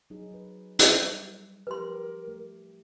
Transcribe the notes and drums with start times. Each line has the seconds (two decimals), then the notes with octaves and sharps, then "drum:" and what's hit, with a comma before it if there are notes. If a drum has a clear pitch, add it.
0.10 F#3 D#4 G#4
0.31 F#3 B4
0.79 drum: hi-hat
1.00 G3
1.67 F3 F#4 G4 A#4 B4 C6
2.28 A3